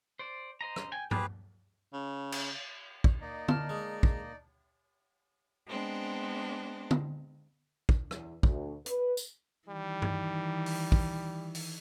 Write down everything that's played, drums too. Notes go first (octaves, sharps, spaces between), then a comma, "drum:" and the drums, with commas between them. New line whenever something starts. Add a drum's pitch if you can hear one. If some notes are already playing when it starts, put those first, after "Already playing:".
C5 D5
C5 D#5 A#5
drum: rim click
G5 G#5
F#3 G3 G4 G#4 B4 C5, drum: tom G2
C#3
drum: cymbal
drum: kick
A#3 D#4 D5 D#5
A5 F6, drum: tom D3
G#3
drum: kick
G#3 B3 C4 D4
drum: tom D3
drum: kick
E2, drum: rim click
D2, drum: kick
B4, drum: hi-hat
drum: tambourine
D#3 E3 G3
drum: tom G2
drum: open hi-hat
drum: kick
drum: open hi-hat